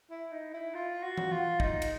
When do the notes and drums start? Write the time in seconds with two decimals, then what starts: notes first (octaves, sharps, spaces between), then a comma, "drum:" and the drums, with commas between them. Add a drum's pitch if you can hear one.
0.10 E4
0.32 D#4
0.54 E4
0.75 F4
1.03 F#4
1.18 drum: tom E3
1.32 F4
1.60 D#4, drum: kick
1.82 drum: cymbal